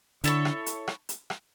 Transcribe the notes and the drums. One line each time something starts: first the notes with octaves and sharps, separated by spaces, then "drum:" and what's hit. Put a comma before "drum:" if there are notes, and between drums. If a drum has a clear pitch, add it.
D3 E4 A4 C#5, drum: hi-hat
drum: rim click
drum: hi-hat
drum: rim click
drum: hi-hat
drum: rim click